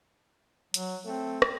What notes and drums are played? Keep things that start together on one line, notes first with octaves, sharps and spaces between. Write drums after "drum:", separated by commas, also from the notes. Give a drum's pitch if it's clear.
F#3, drum: hi-hat
A3 C4
drum: rim click